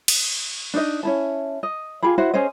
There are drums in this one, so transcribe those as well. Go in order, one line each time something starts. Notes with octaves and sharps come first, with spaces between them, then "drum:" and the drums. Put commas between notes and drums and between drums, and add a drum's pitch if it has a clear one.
drum: cymbal
D4 D#4 D#5
C#4 E4 A5
D#5
F4 G4 G#4 B5
E4 F#4 C5 F#5
C#4 G#4 C5 D#5